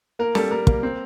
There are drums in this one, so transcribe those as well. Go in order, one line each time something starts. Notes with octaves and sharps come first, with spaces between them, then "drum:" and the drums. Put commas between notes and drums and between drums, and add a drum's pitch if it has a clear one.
A#3 A#4
G3 A4, drum: snare
G3 A#4
A#3, drum: kick
C4